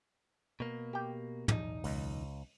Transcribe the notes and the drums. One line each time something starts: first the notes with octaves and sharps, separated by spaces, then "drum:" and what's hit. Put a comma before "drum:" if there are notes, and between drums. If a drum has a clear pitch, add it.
B2 A#3
G4 G5
B1 E2 D#4, drum: tom
C#2, drum: open hi-hat